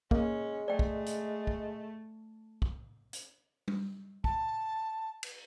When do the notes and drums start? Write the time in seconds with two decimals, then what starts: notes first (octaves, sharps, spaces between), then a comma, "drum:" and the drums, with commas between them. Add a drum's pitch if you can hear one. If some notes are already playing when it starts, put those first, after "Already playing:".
0.11 G#3 A#3 C#4, drum: kick
0.68 A3 D5 G5
0.79 drum: kick
1.06 drum: hi-hat
1.47 drum: kick
2.62 drum: kick
3.13 drum: hi-hat
3.68 drum: tom G3
4.24 A5, drum: kick
5.23 drum: cymbal